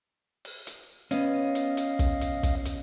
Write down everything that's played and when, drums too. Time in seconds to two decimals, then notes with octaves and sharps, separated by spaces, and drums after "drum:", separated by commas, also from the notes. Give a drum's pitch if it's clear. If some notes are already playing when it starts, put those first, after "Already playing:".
0.45 drum: open hi-hat
0.67 drum: hi-hat
1.11 B3 C#4 D#5 F5, drum: hi-hat
1.55 drum: hi-hat
1.77 drum: hi-hat
1.99 drum: kick, hi-hat
2.21 drum: hi-hat
2.43 drum: kick, hi-hat
2.65 drum: hi-hat